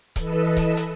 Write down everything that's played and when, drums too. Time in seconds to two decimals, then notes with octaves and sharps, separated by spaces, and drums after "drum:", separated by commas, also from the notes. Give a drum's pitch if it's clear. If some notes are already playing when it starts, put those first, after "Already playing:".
0.16 E3 A4 B4 D#5 E6, drum: kick C#1, hi-hat
0.57 drum: kick C#1, hi-hat
0.77 drum: hi-hat